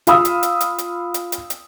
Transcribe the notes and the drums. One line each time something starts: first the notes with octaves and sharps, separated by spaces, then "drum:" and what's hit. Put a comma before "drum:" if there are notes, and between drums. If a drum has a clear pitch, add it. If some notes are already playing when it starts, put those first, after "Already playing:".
F4 F5 B5 D#6 E6, drum: hi-hat
drum: hi-hat
drum: hi-hat
drum: hi-hat
drum: hi-hat
drum: hi-hat
drum: hi-hat
drum: hi-hat